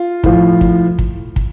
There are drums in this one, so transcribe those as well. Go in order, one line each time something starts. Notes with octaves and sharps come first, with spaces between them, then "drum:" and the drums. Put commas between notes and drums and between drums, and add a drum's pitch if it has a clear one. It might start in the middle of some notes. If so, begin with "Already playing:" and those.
Already playing: F4
A2 F3, drum: kick
drum: kick
drum: kick
drum: kick